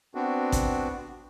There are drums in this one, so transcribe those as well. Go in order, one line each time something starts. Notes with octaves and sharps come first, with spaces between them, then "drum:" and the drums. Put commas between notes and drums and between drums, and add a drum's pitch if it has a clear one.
B3 C4 D4 F#4
drum: kick A1, hi-hat